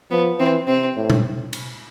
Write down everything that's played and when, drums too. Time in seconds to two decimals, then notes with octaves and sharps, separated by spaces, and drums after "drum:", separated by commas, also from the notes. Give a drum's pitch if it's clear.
0.11 F3 B3
0.39 E3 C4
0.68 C3 C4
0.96 A2
1.10 drum: tom A#2
1.53 drum: cymbal